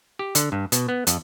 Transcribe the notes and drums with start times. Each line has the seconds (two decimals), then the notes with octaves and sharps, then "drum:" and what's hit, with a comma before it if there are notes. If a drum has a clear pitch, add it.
0.19 G4
0.35 D3, drum: hi-hat
0.52 G2
0.72 B2, drum: hi-hat
0.88 B3
1.07 F2, drum: hi-hat